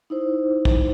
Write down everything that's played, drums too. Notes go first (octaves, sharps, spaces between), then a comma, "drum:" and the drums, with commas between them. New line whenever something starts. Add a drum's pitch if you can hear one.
D#4 E4 C5
drum: kick